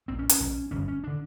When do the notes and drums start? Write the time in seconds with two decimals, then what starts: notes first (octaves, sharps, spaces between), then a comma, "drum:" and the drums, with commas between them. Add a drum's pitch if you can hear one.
0.08 A#1 A#2 C4
0.19 C#4
0.29 C#4, drum: hi-hat
0.40 A#1 A#2
0.71 G1 F#2 D3 C#4
0.88 C#4
1.04 D3 D4